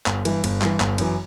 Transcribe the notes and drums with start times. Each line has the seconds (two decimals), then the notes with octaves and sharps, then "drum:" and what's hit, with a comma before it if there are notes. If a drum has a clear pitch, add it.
0.06 G1, drum: clap
0.25 G2 E3, drum: cymbal
0.44 G1, drum: cymbal
0.62 G2 E3, drum: clap
0.80 G1, drum: clap
0.98 F#2 E3, drum: cymbal